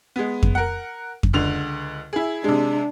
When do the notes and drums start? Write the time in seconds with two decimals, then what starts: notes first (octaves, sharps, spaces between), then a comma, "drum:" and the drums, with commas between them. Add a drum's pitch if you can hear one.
0.16 G#3 B3
0.43 drum: kick F2
0.55 A#4 F#5
1.23 drum: kick F2
1.33 C#2 D3 F7
2.13 E4 G#4
2.44 C3 G#3 D4